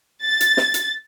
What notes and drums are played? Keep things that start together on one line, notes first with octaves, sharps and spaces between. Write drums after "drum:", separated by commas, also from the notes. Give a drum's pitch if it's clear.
A6
drum: hi-hat
drum: snare
drum: hi-hat